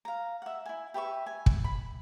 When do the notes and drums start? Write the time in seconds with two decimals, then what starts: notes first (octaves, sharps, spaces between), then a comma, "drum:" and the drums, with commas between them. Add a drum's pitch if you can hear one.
0.05 F5 A#5
0.42 E5 F#5
0.66 E4 G#5
0.94 G4 B4 E5 C#6
1.26 G#5
1.46 drum: kick
1.64 B5